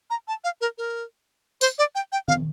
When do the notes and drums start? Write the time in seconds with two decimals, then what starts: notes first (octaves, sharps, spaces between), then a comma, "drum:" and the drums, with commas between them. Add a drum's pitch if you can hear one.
0.10 A#5
0.28 A5
0.44 F5
0.61 A#4
0.78 A#4
1.61 C5, drum: tambourine
1.78 D5
1.95 G5
2.12 G5
2.28 F5, drum: tom